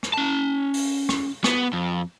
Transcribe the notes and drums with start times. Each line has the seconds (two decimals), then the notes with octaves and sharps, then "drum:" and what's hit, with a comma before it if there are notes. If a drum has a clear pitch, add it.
0.03 drum: rim click
0.14 C#4 A5
0.74 drum: open hi-hat
1.09 drum: rim click
1.44 B3, drum: rim click
1.73 F2